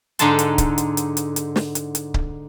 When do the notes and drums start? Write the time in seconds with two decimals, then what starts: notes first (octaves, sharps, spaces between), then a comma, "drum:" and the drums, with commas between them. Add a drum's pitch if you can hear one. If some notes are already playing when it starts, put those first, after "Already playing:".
0.19 G#2 D3 D#4 A4 A5 C6, drum: hi-hat
0.39 drum: hi-hat
0.58 drum: kick C#1, hi-hat
0.78 drum: hi-hat
0.97 drum: hi-hat
1.17 drum: hi-hat
1.36 drum: hi-hat
1.56 drum: snare
1.75 drum: hi-hat
1.95 drum: hi-hat
2.14 drum: kick C#1